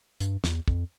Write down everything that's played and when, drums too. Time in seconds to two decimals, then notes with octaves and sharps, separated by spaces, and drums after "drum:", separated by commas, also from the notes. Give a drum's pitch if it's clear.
0.20 G2, drum: hi-hat
0.44 E2, drum: snare
0.68 F2, drum: kick